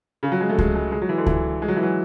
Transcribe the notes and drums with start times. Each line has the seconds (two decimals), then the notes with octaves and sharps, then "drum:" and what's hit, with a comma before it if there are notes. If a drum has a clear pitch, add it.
0.23 C#3
0.32 F#3
0.41 G#3
0.49 A3
0.58 G#3, drum: kick C#2
0.75 G#3
0.92 G#3
1.02 F#3
1.09 E3
1.18 D3
1.26 E3, drum: kick C#2
1.62 G#3
1.68 F#3
1.76 E3
1.83 F#3